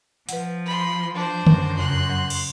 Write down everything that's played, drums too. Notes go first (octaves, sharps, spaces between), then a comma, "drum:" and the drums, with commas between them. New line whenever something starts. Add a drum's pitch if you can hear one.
F3 B4 F#5, drum: hi-hat
B5 C6
D4 C5
F#2, drum: tom D3
F2 C#3 C6 F#6
F#3
drum: cymbal